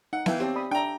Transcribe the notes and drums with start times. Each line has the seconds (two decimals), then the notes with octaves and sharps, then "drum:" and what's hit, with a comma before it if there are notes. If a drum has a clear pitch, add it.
0.13 D#4 F#5
0.26 E3 E5 F5 G5, drum: snare B3
0.40 C4 G4 C#5 A5
0.55 D5 B5 D#6
0.71 D4 E5 G5 A#5